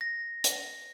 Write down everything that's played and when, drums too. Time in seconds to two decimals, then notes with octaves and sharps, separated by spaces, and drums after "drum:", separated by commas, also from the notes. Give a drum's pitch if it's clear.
0.01 A#6
0.44 drum: hi-hat